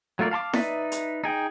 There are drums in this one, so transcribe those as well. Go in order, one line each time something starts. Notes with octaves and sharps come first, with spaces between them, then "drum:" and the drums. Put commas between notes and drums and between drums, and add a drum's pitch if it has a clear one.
F#3 A3 F4 A#4 D5
F5 A5 C6 D6
D#4 B4 D5 E5, drum: snare E4
drum: hi-hat
D#4 G#4 G5